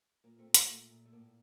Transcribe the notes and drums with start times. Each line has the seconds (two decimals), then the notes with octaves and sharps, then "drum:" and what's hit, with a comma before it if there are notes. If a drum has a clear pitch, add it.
0.24 A#2 A#3
0.38 A3 C4
0.47 A#2
0.54 A#3, drum: hi-hat
0.68 A#2 A3
0.90 A#2
1.05 A3
1.13 A2 A#3